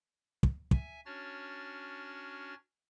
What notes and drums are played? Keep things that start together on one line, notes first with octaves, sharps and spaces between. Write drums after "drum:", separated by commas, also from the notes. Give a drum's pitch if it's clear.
drum: kick
E5 G#5, drum: kick
C#4 D4 F#4 C#5 F6 A6